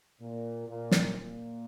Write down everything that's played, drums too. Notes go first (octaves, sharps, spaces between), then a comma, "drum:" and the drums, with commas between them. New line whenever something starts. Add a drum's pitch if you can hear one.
A#2
A#2
drum: snare
A#2